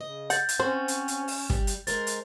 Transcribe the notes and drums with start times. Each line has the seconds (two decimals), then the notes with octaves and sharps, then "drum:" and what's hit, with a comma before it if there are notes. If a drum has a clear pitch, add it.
0.01 C#3 D#5
0.30 F#5 G6 A6, drum: hi-hat
0.49 drum: hi-hat
0.60 C4 C#4 F#4 C5
0.88 drum: hi-hat
1.08 drum: hi-hat
1.28 drum: open hi-hat
1.50 G3, drum: kick
1.67 drum: hi-hat
1.87 G#3 A#4 C5 A6, drum: hi-hat
2.07 drum: hi-hat